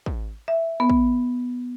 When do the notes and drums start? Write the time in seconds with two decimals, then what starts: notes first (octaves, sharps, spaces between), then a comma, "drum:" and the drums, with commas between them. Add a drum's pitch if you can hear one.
0.06 drum: kick
0.48 E5
0.80 B3
0.90 drum: kick